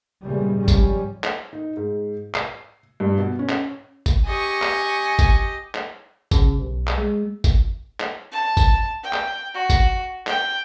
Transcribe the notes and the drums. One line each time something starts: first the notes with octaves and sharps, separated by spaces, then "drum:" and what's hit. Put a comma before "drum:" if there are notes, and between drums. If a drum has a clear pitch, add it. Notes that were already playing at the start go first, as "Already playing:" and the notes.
E2 A#2 C#3 E3 G3 G#3
G#2 F3 G3 C#4
drum: kick G1, tambourine
drum: clap
D#4
G#2
C7, drum: clap
G2
B2
C#4
drum: clap
drum: kick G1, tambourine
G4 D#5 G#5 C#6
drum: clap
drum: kick G1, tambourine
drum: clap
C#3, drum: kick G1, tambourine
B1
drum: clap
G#3
drum: kick G1, tambourine
drum: clap
A5
drum: kick G1, tambourine
G5
drum: clap
F#4
drum: kick G1, tambourine
G5, drum: clap